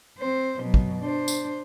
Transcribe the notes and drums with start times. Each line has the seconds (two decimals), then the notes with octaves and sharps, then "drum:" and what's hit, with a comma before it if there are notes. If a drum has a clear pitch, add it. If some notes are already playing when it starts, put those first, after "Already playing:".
0.18 C4 C5
0.61 B2 F#3
0.74 drum: kick
1.01 D4 C5
1.28 drum: tambourine